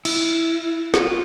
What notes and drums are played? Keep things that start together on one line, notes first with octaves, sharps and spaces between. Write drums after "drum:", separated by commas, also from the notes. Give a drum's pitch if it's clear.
E4, drum: cymbal
F#4, drum: snare
F4